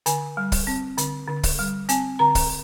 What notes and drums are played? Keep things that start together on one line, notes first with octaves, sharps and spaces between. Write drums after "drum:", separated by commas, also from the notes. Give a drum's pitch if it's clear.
D3 G#5, drum: hi-hat
G3
drum: kick, open hi-hat
C4
D3, drum: hi-hat
D3
drum: kick, open hi-hat
G3
C4 G#5, drum: hi-hat
D3 A#5
drum: kick, open hi-hat